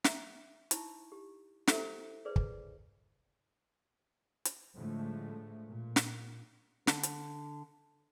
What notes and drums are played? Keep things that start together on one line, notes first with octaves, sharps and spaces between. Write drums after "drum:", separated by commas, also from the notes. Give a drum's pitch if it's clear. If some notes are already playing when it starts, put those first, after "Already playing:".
E5 A#5, drum: snare
D#4 E4 C#6, drum: hi-hat
G4
E4 G4 A4 C5 E5, drum: snare
G#4 B4 C5 D5
drum: kick
drum: hi-hat
A2 D3 F3 G#3 A3
A#2
drum: snare
D3, drum: snare
drum: hi-hat